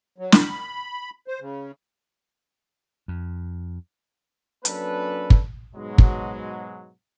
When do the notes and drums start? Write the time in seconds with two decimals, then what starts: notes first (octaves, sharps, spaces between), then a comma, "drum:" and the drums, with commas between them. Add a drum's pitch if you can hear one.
0.18 F#3
0.32 B5, drum: snare
1.28 C5
1.40 C#3
3.08 F2
4.65 F#3 A#3 C#4 D4 A4 B4, drum: hi-hat
5.30 drum: kick
5.75 G#2 B2 F#3 G#3
5.98 drum: kick